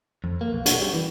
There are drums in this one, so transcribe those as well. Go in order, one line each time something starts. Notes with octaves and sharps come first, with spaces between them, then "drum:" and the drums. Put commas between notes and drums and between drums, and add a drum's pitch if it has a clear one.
F2
A#3
B1
F#4, drum: hi-hat
G3
E3